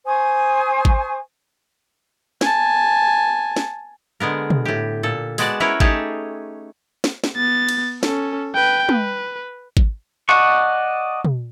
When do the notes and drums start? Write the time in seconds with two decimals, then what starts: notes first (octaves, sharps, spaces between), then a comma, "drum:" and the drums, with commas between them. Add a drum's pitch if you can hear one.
0.06 C5 G#5 C#6 D#6
0.85 drum: kick G#1
2.41 G#5 A5, drum: snare
3.56 drum: snare
4.20 D3 G#3 B3 A#4
4.50 drum: tom
4.65 A2 G4
5.03 A#2 A4
5.38 G#3 B3 F#4 D5 A5, drum: open hi-hat
5.60 C#4 E4 A#4 B4 C#5
5.80 A3 D#4 G4 G#4 C#5 A5, drum: kick G#1
7.04 drum: snare
7.24 drum: snare
7.36 B3 A6
7.69 drum: cymbal
8.03 C#4 A4, drum: snare
8.55 B4 G5
8.89 B4, drum: tom
9.77 drum: kick G#1
10.29 D5 D#5 F#5 A5 C#6
11.25 drum: tom